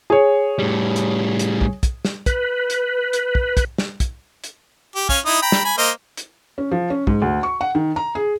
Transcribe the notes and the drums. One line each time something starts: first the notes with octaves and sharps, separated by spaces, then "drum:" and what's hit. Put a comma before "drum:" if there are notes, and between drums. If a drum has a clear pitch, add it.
G#4 C#5
A2 G3
drum: hi-hat
drum: hi-hat
drum: kick
drum: kick, hi-hat
drum: snare
B4, drum: kick, hi-hat
drum: hi-hat
drum: hi-hat
drum: kick
drum: kick, hi-hat
drum: snare
drum: kick, hi-hat
drum: hi-hat
G4
C#4 F5 G#5, drum: kick
D#4 E4 D#6
G5 A#5 B5
drum: snare
G#5 B5
A#3 C5 D#5
drum: hi-hat
C#4
F3
C#4
G#2, drum: kick
D2
C#6
F#5
D#3
A#5
G#4